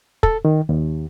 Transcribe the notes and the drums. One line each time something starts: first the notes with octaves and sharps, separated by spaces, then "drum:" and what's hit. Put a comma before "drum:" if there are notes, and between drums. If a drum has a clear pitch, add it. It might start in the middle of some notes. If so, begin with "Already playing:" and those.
A4, drum: kick
D#3
D#2